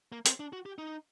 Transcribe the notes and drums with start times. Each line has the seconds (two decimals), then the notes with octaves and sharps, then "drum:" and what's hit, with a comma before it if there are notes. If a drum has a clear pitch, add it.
0.12 A#3
0.26 C4, drum: hi-hat
0.40 D4
0.53 F#4
0.66 G4
0.78 D#4